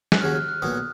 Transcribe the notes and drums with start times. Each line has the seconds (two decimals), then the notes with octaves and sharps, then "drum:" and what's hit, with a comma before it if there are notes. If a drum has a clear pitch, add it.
0.12 F#6, drum: snare
0.21 D#2 C#3 F#3 F6
0.35 F6
0.48 F#6
0.62 B1 A#2 F#3 B3 D#6